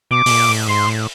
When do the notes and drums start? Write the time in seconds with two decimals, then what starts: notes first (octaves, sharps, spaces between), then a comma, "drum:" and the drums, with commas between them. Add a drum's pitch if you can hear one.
0.11 B2 D6
0.26 B2, drum: open hi-hat
0.30 A#2
0.49 A2
0.68 G#2 C6
0.87 A2